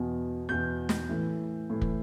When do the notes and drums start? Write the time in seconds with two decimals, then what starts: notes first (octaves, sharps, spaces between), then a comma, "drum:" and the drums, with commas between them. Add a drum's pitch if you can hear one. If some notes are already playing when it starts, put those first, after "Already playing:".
Already playing: E2 B2
0.49 E2 B2 G6
0.89 drum: snare
1.09 A2 E3
1.70 A2 E3
1.81 drum: kick